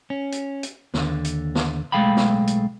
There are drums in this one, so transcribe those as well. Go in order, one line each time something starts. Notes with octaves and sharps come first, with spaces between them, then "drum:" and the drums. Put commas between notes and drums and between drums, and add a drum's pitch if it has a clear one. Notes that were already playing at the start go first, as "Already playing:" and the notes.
C#4
drum: hi-hat
drum: hi-hat
D#2 D3, drum: snare
drum: hi-hat
drum: snare
B1 G#3 A3 F5 G5 B5
drum: snare
drum: hi-hat